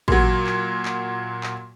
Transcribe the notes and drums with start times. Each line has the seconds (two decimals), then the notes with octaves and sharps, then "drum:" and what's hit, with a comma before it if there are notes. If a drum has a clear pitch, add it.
0.08 A#2 F#3, drum: kick A1
0.47 drum: clap
0.85 drum: clap
1.43 drum: clap